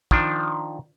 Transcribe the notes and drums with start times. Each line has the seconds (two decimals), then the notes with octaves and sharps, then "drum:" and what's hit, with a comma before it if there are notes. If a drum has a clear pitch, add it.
0.11 D#3 F3 D4, drum: kick